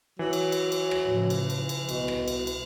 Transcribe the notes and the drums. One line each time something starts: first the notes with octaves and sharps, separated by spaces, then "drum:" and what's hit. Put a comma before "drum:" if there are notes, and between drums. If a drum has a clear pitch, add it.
E3 F#3
drum: cymbal
drum: cymbal
drum: cymbal
drum: rim click
A2 C#3 F3
drum: cymbal
drum: cymbal
drum: cymbal
C2 B2, drum: cymbal
drum: rim click
drum: cymbal
drum: cymbal